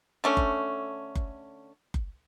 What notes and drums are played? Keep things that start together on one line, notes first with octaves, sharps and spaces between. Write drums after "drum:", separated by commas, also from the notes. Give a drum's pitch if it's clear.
D3 A3 C#4
drum: kick F#1
drum: kick F#1
drum: kick F#1